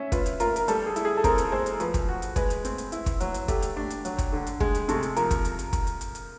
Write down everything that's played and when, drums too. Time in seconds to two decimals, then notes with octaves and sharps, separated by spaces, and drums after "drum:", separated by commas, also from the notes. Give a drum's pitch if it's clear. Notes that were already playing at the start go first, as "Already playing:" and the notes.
Already playing: C#4 E5
0.12 F4 B4, drum: kick, hi-hat
0.26 drum: hi-hat
0.40 F4 A#4, drum: hi-hat
0.56 A#4, drum: hi-hat
0.68 G3 A4, drum: hi-hat
0.86 G#4
0.96 E4, drum: hi-hat
1.05 G#4
1.17 A4
1.24 C4 A#4, drum: kick, hi-hat
1.38 drum: hi-hat
1.52 G#3 C5
1.66 drum: hi-hat
1.80 F3 B4, drum: hi-hat
1.94 drum: kick, hi-hat
2.09 F#4
2.22 drum: hi-hat
2.36 G#3 B4, drum: kick, hi-hat
2.50 drum: hi-hat
2.65 C4, drum: hi-hat
2.78 drum: hi-hat
2.92 E4, drum: hi-hat
3.06 drum: kick, hi-hat
3.20 F#3, drum: hi-hat
3.34 drum: hi-hat
3.48 A3 G4, drum: kick, hi-hat
3.62 drum: hi-hat
3.77 D4
3.90 drum: hi-hat
4.05 F#3, drum: hi-hat
4.18 drum: kick, hi-hat
4.32 D3
4.47 drum: hi-hat
4.60 G#3 G#4, drum: kick
4.75 drum: hi-hat
4.89 C3 A4, drum: hi-hat
5.03 drum: hi-hat
5.16 F3 A#4, drum: hi-hat
5.31 drum: kick, hi-hat
5.45 drum: hi-hat
5.59 drum: hi-hat
5.73 drum: kick, hi-hat
5.87 drum: hi-hat
6.01 drum: hi-hat
6.15 drum: hi-hat